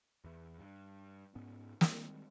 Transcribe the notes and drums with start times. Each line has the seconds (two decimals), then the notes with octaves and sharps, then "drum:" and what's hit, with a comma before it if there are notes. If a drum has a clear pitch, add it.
0.24 E2 E3
0.59 G2
1.35 G#2 B3 C#4
1.81 D#3 G3 G#3 C4, drum: snare